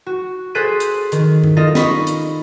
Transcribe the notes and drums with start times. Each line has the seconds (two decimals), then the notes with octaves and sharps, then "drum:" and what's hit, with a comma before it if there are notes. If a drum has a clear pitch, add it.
0.06 F#4
0.55 G#4 A4 C5 F#6 B6 D#7
0.80 drum: hi-hat
1.12 D#3, drum: hi-hat
1.44 drum: tom G2
1.57 D#4 F4 A4 D#5
1.75 D#5 B5 C#6, drum: snare
2.07 drum: hi-hat